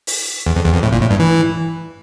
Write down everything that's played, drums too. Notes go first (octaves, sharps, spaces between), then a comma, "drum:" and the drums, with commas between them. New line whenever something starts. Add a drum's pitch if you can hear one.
drum: open hi-hat
E2
F2
E2
F2
A2
A#2, drum: kick F2
A2
G2
E3